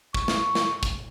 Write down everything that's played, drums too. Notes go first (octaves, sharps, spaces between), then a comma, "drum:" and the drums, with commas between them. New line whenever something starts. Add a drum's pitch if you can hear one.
C#6, drum: kick
drum: snare
drum: snare
drum: kick, hi-hat